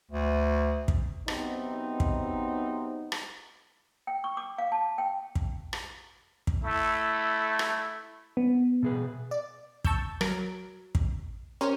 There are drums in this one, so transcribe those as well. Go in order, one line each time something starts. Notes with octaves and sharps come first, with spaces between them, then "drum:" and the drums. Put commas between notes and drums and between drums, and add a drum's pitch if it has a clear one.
D2
drum: kick
C3 F#3 B3 C4 D#4, drum: rim click
drum: kick
drum: rim click
G5
C#6
D6
F5
A5
G5
drum: kick
drum: rim click
drum: kick
A3 E4
drum: rim click
B3
B2 G#4 B4
D5
A5 C#6 E6 G6, drum: kick
F#3 A#4 D7, drum: rim click
drum: kick
C#4 G4 A#4 C5 C#5